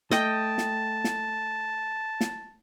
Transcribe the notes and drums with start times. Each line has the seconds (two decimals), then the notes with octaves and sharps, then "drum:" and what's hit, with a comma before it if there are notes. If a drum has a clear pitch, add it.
0.11 A3 D#5 G5 A5, drum: snare
0.58 drum: snare
1.04 drum: snare
2.21 drum: snare